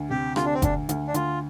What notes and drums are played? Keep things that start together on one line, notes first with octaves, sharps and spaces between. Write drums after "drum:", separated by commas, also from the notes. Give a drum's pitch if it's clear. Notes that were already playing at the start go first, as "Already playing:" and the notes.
Already playing: D2
C3 G4
D2 F4, drum: rim click
D4
C4
D2 D4, drum: kick F#1, hi-hat
D2, drum: hi-hat
D4
D2 F4, drum: hi-hat